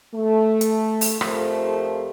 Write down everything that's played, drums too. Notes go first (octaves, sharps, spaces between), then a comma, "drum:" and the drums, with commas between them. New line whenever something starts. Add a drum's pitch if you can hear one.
A3
drum: hi-hat
drum: open hi-hat
F2 F3 A3 G4 A#4 C5, drum: rim click